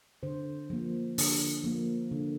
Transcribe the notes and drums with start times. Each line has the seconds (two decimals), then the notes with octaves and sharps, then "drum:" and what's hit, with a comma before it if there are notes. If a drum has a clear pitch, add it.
0.23 D3 C5
0.70 F3 A#3
1.18 D3, drum: open hi-hat
1.64 F3 A#3
2.12 D3